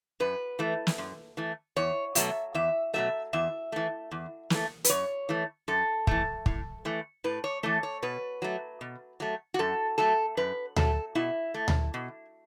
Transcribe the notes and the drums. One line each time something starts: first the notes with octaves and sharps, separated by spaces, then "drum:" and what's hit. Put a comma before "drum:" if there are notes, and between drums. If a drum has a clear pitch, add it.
F#2 B4
E3 A3
drum: snare
F#2
E3 A3
E2 C#5
B2 F#3 A3 E5, drum: hi-hat
E2 E5
B2 F#3 A3 E5
E2 E5
E3 A3
E2
E3 A3, drum: snare
B4, drum: hi-hat
F#2 C#5
E3 A3
F#2 A4
E3 A3, drum: kick
A2, drum: kick
E3 A3
A2 B4
C#5
E3 A3 A4
C#5
B2 B4
F#3 A3
B2
F#3 A3
F#4
F#2 A4
F#3 A3 A4
F#2 B4
F#3 A3 A4, drum: tom D2
B2 E4
A3
drum: tom D2
B2